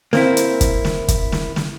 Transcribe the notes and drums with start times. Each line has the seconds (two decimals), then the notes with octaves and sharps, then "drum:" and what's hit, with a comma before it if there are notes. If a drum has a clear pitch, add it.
0.13 A#3 C4 E4, drum: snare
0.37 drum: hi-hat
0.61 drum: kick, hi-hat
0.85 drum: snare
1.08 drum: kick, hi-hat
1.32 drum: snare
1.56 drum: snare